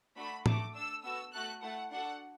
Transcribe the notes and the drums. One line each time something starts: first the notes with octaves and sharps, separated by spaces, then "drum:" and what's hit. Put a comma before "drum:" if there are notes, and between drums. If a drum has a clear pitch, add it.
A3 D4 F#4 A4 B5
A3 F#4 A4 D6, drum: tom A2
D4 A4 E6
B3 F#4 A4 E6
A3 F#4 A4 F#6
A3 E4 A4 F#5
D4 F#4 A4 F#5